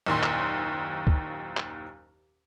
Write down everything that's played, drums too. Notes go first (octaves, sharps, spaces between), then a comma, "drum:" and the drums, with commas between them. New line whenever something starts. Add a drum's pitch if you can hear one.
F#1 D#2 A#2 C6
drum: clap
drum: kick
drum: clap